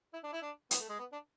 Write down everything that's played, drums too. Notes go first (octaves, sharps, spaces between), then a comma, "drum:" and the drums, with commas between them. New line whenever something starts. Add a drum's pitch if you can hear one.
E4
D4
E4
D4
B3, drum: hi-hat
A3
G#3
B3
D4